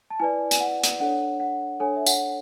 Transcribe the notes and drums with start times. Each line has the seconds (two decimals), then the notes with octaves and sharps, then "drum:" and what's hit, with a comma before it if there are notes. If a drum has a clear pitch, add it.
0.10 A5
0.20 E4 B4 D5 G#5
0.51 G#5, drum: hi-hat
0.60 F#5
0.83 drum: hi-hat
1.00 D4 A4 C#5 F#5
1.40 F#5
1.80 D4 A4 C#5 G#5
1.96 E5
2.06 F#5, drum: tambourine